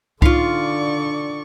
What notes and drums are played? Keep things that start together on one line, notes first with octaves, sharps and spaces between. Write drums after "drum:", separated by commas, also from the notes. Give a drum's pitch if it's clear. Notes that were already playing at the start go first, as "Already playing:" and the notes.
D3 D#4 F4 D5 F5 C#6, drum: kick C2